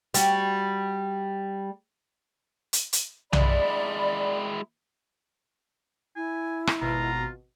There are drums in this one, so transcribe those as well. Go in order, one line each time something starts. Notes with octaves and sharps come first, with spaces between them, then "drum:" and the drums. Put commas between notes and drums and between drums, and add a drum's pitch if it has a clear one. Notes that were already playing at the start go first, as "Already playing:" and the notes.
G3 F#4, drum: hi-hat
drum: hi-hat
drum: hi-hat
G#3 E4 D5 B5, drum: tom B1
E4 G#5
drum: rim click
G#1 B2 F4 A#5